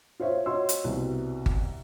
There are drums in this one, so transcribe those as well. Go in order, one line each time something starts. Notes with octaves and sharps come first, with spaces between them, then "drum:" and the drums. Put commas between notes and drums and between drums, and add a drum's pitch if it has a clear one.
F4 C5 C#5 E5 F5
F4 F#4 C#5 D#5 C6 E6
drum: hi-hat
C2 B2
drum: kick G1